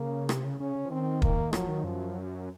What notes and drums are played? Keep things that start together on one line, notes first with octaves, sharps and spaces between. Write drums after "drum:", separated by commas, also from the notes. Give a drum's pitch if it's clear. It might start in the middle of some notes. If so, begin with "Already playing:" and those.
Already playing: C#3 A#3
C3, drum: rim click
C#3
C#3 C#4
C#3
F3
D#3 C4
A#3, drum: kick
F3 F#3, drum: rim click
D#3
F#2 F3